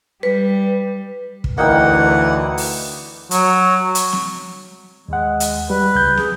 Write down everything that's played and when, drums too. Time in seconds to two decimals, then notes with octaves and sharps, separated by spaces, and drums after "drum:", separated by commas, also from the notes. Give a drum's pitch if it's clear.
0.23 G3 B4
1.44 drum: kick
1.58 D2 E3 A#3 D#4 F#5 G5
2.58 drum: open hi-hat
3.31 F#3, drum: hi-hat
3.95 drum: hi-hat
4.13 drum: snare
5.08 D#2 G#3 F#5
5.40 drum: hi-hat
5.70 G3 B4
5.95 C#2 G6
6.17 G#4, drum: snare